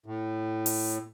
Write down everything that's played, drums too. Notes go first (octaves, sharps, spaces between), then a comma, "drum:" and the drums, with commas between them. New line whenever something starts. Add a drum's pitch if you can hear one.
A2
drum: open hi-hat